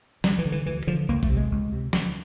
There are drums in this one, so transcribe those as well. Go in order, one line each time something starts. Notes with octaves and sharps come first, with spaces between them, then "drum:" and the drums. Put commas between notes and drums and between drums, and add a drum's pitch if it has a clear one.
D2 G3, drum: snare
E3
D3
E3
D2 E3
D3 F3
C#2 A#3
A3, drum: kick
C3
G#3
C#2
C3
D2, drum: snare